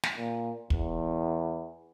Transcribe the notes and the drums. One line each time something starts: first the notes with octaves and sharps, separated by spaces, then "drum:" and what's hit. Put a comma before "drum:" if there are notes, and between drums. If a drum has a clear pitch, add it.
drum: snare
A#2
E2, drum: kick